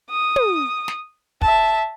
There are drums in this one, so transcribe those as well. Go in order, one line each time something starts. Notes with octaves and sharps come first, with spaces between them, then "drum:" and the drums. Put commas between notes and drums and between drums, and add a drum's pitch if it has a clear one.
D#6
drum: tom
drum: snare
E5 A5, drum: kick